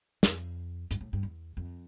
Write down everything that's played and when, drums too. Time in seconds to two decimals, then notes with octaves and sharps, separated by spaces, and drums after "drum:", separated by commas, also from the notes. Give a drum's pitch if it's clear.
0.23 F2, drum: snare
0.91 G2, drum: hi-hat
1.01 A2
1.13 G2
1.23 E2
1.57 F2